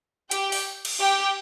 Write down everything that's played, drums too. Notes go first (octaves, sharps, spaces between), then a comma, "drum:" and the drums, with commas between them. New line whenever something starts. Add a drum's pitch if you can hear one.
G4 G5, drum: hi-hat
drum: open hi-hat
drum: cymbal
G4 G5